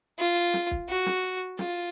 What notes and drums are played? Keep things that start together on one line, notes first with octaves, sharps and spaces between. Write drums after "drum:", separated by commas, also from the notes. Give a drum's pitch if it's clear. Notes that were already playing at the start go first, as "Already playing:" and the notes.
F4, drum: hi-hat
drum: hi-hat
drum: snare
drum: kick, hi-hat
F#4, drum: hi-hat
drum: snare
drum: hi-hat
F4, drum: snare